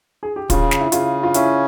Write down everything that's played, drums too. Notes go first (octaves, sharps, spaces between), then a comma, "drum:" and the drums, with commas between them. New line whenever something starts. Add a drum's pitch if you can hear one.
G#4
G4
C#3 F4, drum: kick, hi-hat
drum: snare
E4
C#3 F4, drum: hi-hat
F4
C#4 E4, drum: hi-hat